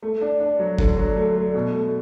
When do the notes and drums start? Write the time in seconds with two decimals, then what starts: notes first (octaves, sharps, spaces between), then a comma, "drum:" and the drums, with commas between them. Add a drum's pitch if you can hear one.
0.03 A3
0.21 D4
0.40 D4
0.59 F#3
0.79 D3, drum: kick F#1
0.97 F#3
1.16 A3
1.36 A3
1.54 B2
1.73 A3